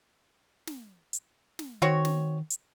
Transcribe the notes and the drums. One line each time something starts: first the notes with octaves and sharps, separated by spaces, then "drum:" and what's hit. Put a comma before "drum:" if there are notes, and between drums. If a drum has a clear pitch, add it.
drum: snare
drum: hi-hat
drum: snare
D#3 C4 F#4 C#5
drum: snare
drum: hi-hat